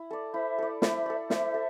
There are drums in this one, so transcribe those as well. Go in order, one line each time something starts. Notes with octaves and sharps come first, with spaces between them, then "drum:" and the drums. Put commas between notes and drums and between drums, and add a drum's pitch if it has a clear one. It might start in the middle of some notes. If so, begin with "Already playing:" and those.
Already playing: E4
A4 D5
E4 C5 E5
A4 D5
E4 C5 E5, drum: snare
A4 D5
E4 C5 E5, drum: snare
A4